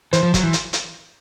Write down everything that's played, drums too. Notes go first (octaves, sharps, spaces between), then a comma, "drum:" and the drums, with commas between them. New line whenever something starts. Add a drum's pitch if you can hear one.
E3 C5, drum: hi-hat
F3
F#3, drum: kick, hi-hat
E3
drum: hi-hat
drum: hi-hat